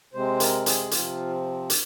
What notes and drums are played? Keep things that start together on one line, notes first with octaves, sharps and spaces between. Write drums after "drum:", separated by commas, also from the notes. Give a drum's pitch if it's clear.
C3 G#3 C4 C5
A#4, drum: hi-hat
G#4, drum: hi-hat
C3 F3 C4 F4, drum: hi-hat
drum: hi-hat